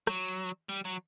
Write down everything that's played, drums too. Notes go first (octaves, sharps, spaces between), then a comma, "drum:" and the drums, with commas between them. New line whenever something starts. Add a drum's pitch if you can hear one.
F#3, drum: rim click
drum: hi-hat
drum: hi-hat
G3, drum: hi-hat
F#3